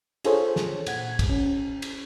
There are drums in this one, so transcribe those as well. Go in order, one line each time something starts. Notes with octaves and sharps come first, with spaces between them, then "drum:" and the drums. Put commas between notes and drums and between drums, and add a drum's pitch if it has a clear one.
D4 F4 G#4 A4 C5 C#5, drum: cymbal
drum: snare
A#2 F#5 G#6, drum: cymbal
drum: kick, cymbal
C#4
drum: cymbal